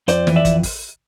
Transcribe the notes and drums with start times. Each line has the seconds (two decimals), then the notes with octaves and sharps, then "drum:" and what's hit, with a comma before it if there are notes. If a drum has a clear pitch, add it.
0.08 F2 C5 D5, drum: hi-hat
0.27 E3, drum: snare
0.36 D5 E5
0.45 F2, drum: kick, hi-hat
0.63 drum: kick, open hi-hat